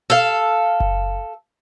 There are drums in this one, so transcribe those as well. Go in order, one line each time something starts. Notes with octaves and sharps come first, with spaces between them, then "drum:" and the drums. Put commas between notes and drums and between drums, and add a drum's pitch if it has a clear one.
A4 F5
drum: kick F#1